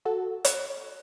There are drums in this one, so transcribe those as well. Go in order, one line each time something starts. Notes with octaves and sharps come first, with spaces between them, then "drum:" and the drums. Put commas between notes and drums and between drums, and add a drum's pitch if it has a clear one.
F#4 A4
drum: hi-hat